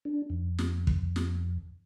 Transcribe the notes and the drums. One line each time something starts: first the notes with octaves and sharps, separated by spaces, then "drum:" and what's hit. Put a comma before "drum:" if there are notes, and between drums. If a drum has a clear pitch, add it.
D4
F2
drum: snare
drum: kick
drum: snare